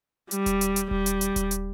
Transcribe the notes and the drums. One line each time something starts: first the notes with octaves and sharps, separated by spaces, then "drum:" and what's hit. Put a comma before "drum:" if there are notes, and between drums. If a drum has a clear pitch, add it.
G3, drum: hi-hat
drum: kick D#1, hi-hat
drum: hi-hat
drum: hi-hat
G3, drum: kick D#1
drum: hi-hat
drum: hi-hat
drum: kick D#1, hi-hat
drum: hi-hat